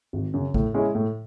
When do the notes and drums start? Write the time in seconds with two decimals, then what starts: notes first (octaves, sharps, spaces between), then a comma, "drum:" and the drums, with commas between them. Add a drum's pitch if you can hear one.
0.13 G#1
0.34 F#2 C#3
0.54 A2, drum: kick G#1
0.74 G#3 C#4 E4
0.95 A2